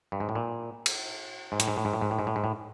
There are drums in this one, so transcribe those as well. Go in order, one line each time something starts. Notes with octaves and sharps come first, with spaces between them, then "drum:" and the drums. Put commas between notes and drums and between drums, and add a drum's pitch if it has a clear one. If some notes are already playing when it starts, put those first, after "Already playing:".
G2
G#2
A2
A#2
drum: cymbal
G#2
A2, drum: hi-hat
G#2
A2
G#2
A2
G#2
A2
G#2
A2
G#2
A2